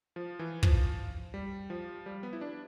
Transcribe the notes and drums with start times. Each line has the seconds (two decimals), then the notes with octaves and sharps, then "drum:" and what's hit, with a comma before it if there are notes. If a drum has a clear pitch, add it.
0.16 F3
0.39 E3
0.63 F3, drum: kick
1.34 G3
1.70 F3
2.06 G3
2.23 B3
2.33 E4
2.41 D4